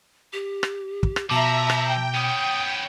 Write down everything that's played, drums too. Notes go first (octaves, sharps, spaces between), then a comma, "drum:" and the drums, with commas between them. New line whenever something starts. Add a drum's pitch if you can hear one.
G4
drum: rim click
drum: kick
drum: rim click
B2 F3 E5 A5 A#5 D6
drum: rim click
G5
B3 C#4 D#6